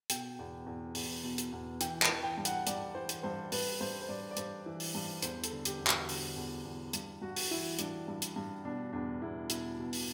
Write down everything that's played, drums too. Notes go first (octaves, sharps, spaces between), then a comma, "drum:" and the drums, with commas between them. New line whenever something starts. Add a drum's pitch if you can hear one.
B2 G5, drum: hi-hat
E2
E2
E2, drum: open hi-hat
B2
drum: hi-hat
E2
E3 G5, drum: hi-hat
A5, drum: clap
E3
G5
G2
F#5, drum: hi-hat
G2 D5, drum: hi-hat
E3 C5
drum: hi-hat
G2 C5
G2 B4, drum: open hi-hat
G2 C5
C5
G2 D5
D5
G2 C5, drum: hi-hat
E3
drum: open hi-hat
G2
E2 C5, drum: hi-hat
A4, drum: hi-hat
D3
G4, drum: hi-hat
E2
F#4, drum: clap
D3, drum: open hi-hat
E2
E2
G2, drum: hi-hat
G2 F#4
drum: open hi-hat
E3 E4
G2 D4, drum: hi-hat
G2
drum: hi-hat
G2
B2 D4
E2 D4
E2 E4
B2 E4, drum: hi-hat
B2
drum: open hi-hat